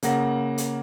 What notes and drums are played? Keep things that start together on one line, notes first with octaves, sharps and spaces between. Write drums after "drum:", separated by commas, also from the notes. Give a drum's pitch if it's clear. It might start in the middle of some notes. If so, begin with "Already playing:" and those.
C#3 A#3 F#5 A#6, drum: hi-hat
drum: hi-hat